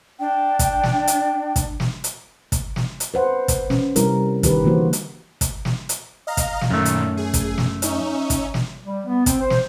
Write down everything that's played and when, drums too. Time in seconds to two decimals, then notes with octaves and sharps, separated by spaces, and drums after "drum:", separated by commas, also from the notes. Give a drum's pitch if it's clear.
0.20 D4 G5
0.59 drum: kick, hi-hat
0.83 drum: snare
1.07 drum: hi-hat
1.56 drum: kick, hi-hat
1.80 drum: snare
2.04 drum: hi-hat
2.52 drum: kick, hi-hat
2.76 drum: snare
3.00 drum: hi-hat
3.14 B4 C5 F#5
3.48 drum: kick, hi-hat
3.70 C#4, drum: snare
3.96 C3 G3 E4 A#4, drum: hi-hat
4.43 D#3 G4 B4, drum: kick, hi-hat
4.64 D3 E3 A#3 F#4 C5
4.93 drum: hi-hat
5.41 drum: kick, hi-hat
5.65 drum: snare
5.89 drum: hi-hat
6.27 D#5 F5 A#5
6.37 drum: kick, hi-hat
6.61 drum: snare
6.70 F#2 A#2 D#3 A3
6.85 drum: hi-hat
7.17 G#4
7.34 drum: kick, hi-hat
7.58 drum: snare
7.82 C#4 D#4 E5, drum: hi-hat
8.30 drum: kick, hi-hat
8.54 drum: snare
8.84 G3
9.06 B3
9.26 C4, drum: kick, hi-hat
9.41 C5
9.50 drum: snare